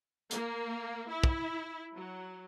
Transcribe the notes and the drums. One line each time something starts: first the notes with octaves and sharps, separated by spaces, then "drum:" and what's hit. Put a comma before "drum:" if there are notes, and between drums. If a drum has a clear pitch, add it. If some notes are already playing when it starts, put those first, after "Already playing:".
A#3, drum: hi-hat
E4
drum: kick
F#3